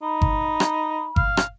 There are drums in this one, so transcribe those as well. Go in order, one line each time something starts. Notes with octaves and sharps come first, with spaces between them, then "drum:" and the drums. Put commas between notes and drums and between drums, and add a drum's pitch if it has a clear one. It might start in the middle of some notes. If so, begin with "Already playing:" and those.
D#4 B5
drum: kick G1
drum: rim click
F5, drum: kick G1
drum: rim click